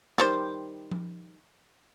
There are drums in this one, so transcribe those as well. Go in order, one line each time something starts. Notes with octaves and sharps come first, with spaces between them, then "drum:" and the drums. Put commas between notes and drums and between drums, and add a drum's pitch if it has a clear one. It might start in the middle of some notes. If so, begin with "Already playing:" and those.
D#3 G3 C5, drum: snare
drum: tom F3